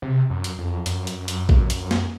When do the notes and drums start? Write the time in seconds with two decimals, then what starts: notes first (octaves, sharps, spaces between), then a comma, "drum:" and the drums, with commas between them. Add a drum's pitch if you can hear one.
0.02 C3
0.30 F#2
0.44 drum: hi-hat
0.58 F2
0.86 F#2, drum: hi-hat
1.07 drum: hi-hat
1.28 drum: hi-hat
1.49 drum: kick A#1
1.70 drum: hi-hat
1.91 drum: snare